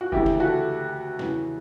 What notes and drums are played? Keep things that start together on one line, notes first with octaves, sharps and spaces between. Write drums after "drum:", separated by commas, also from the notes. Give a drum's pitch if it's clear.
F#4
D2 C#3 E3 E4 G4, drum: kick F1
drum: snare
F#4 A4
E2 C#3 E3, drum: snare